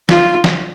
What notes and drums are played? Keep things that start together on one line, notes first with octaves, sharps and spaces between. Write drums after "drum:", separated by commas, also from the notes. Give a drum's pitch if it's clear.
F4, drum: snare
drum: snare